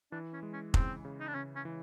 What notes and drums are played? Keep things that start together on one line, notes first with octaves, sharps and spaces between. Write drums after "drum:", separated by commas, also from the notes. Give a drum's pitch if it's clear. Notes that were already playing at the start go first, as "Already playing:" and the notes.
E3 D4
C#4
G#3
C#4
C#3 C4, drum: kick F1
C#3
D#4
D4
C#3 C#4
C#4
E3